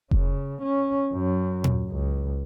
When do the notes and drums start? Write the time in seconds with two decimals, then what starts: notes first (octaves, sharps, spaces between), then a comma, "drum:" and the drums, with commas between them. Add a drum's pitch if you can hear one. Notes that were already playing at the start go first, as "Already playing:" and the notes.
0.11 C#3, drum: kick F1
0.62 C#4
1.14 F#2
1.64 drum: tom A#2
1.90 C#2